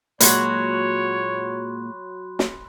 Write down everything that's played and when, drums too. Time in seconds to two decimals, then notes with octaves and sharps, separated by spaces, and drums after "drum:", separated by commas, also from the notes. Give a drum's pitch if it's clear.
0.20 A#2 F#3 G#3 F#4 C#5 B5 C6 F#6, drum: hi-hat
2.39 drum: snare